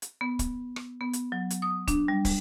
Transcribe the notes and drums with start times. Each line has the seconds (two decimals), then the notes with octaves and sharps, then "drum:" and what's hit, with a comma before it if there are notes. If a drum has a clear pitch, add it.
0.02 drum: hi-hat
0.21 B3
0.39 drum: kick, hi-hat
0.76 drum: rim click
1.01 B3
1.13 drum: hi-hat
1.32 F#3
1.50 drum: hi-hat
1.62 D#6
1.88 D4, drum: kick, hi-hat
2.08 G3
2.25 drum: kick, open hi-hat